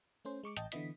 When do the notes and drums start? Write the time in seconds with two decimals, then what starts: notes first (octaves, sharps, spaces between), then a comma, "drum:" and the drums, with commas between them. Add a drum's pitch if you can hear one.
0.25 A3 C#4 C5
0.43 G#3 C#6 D6 C#7
0.57 A1 D#5 G5 A5 G6 A6, drum: hi-hat
0.72 D3 E3 B3 E4 D#5 B6, drum: hi-hat